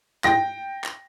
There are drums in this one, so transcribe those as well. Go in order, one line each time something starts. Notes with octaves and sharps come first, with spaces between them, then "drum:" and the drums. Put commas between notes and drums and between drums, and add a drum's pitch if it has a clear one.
G5 A#6, drum: clap
drum: clap